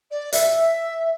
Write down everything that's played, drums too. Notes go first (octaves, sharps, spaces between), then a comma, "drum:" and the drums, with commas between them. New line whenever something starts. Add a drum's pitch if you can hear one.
D5
E5, drum: hi-hat